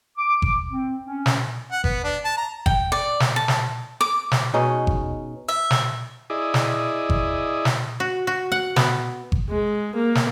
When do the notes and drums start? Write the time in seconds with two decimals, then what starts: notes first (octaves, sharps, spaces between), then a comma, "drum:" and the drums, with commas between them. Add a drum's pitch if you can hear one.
0.18 D6
0.42 drum: kick G1
0.71 C4
1.07 C#4
1.26 drum: snare
1.72 F#5
1.84 B3, drum: kick G1
2.04 D4
2.24 A5
2.37 A#5
2.66 G5, drum: kick G1
2.92 D5
3.20 drum: snare
3.36 A5
3.48 drum: snare
4.01 D6
4.31 drum: snare
4.54 B2 C#4 D#4 G#4
4.87 drum: kick G1
5.49 E5
5.71 drum: snare
6.30 E4 G#4 D5 D#5
6.54 drum: snare
7.10 drum: kick G1
7.65 drum: snare
8.00 F#4
8.27 F#4
8.52 F#5
8.76 B3, drum: snare
9.32 drum: kick G1
9.49 G#3
9.96 A#3
10.15 drum: snare